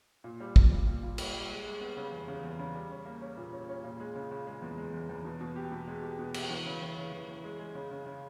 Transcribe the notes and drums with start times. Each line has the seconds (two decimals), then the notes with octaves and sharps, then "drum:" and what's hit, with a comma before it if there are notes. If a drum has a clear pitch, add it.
0.24 A#2
0.40 G3
0.56 A#2, drum: kick
0.71 G3
0.87 A#2
1.03 A#2
1.18 G3, drum: cymbal
1.34 G3
1.50 G#3
1.65 G#3
1.81 B3
1.97 C#3
2.12 E2
2.28 C#3
2.44 E2
2.59 C#3
2.75 G3
2.91 C#4
3.06 A#3
3.21 C#4
3.37 A#2
3.53 C#4
3.69 C#4
3.84 A#2
4.00 G#3
4.15 C#3
4.31 C#3
4.47 G#3
4.62 E2
4.78 G#3
4.94 E2
5.09 E2
5.25 B2
5.41 B2
5.56 G4
5.72 B2
5.87 G#3
6.03 G4
6.19 B2
6.34 G4, drum: cymbal
6.50 E3
6.66 C#3
6.82 E3
6.97 C#3
7.12 E3
7.28 E3
7.44 G#3
7.59 G#3
7.75 C#3
7.91 C#3
8.06 C#3